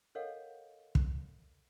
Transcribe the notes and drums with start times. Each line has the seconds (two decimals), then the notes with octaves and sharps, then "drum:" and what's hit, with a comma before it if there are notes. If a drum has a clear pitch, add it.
0.15 A4 A#4 C#5 D#5 F5 F#5
0.95 drum: kick